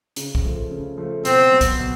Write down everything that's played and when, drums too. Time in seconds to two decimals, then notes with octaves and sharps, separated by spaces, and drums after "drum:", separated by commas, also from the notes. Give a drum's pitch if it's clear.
0.16 C#3, drum: hi-hat
0.35 drum: kick B1
0.44 F3 A3
0.71 C#3
0.98 F3 A3
1.25 B2 C4, drum: hi-hat
1.52 F#3 B3
1.61 drum: kick B1, hi-hat
1.79 B2